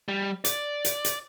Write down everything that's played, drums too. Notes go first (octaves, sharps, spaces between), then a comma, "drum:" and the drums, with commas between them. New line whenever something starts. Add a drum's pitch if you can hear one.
G3
D5, drum: hi-hat
drum: hi-hat
drum: hi-hat